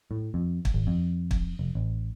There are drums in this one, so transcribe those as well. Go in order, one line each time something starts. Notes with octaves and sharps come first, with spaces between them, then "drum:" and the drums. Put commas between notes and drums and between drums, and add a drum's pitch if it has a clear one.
A2
F2
drum: kick
G#1
F2
drum: kick
F1
A1